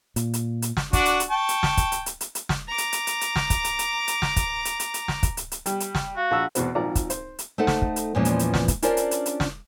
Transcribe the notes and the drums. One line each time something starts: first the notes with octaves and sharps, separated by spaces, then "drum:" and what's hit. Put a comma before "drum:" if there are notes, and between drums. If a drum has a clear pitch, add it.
A#2, drum: hi-hat
drum: hi-hat
drum: hi-hat
drum: snare
D4 F#4 D5, drum: kick, hi-hat
drum: hi-hat
drum: hi-hat
G5 A5 C#6
drum: hi-hat
drum: snare
drum: kick, hi-hat
drum: hi-hat
drum: hi-hat
drum: hi-hat
drum: hi-hat
drum: snare
A#5 D6
drum: hi-hat
drum: hi-hat
drum: hi-hat
drum: hi-hat
drum: snare
drum: kick, hi-hat
drum: hi-hat
drum: hi-hat
drum: hi-hat
drum: snare
drum: kick, hi-hat
drum: hi-hat
drum: hi-hat
drum: hi-hat
drum: snare
drum: kick, hi-hat
drum: hi-hat
drum: hi-hat
G3, drum: hi-hat
drum: hi-hat
drum: snare
F#4 F5
A#1 F#5 E6
E2 B2 C4, drum: hi-hat
G#1 A#2 F3 D5 A#5
drum: kick, hi-hat
C5, drum: hi-hat
drum: hi-hat
A3 D#4 A4 C5 F#5
drum: snare
drum: kick
drum: hi-hat
E2 A#2 E3 F3 G#3 C#4
drum: hi-hat
drum: hi-hat
drum: snare
drum: kick, hi-hat
C#4 D4 F4 A#4 C5 D5, drum: hi-hat
drum: hi-hat
drum: hi-hat
drum: hi-hat
drum: snare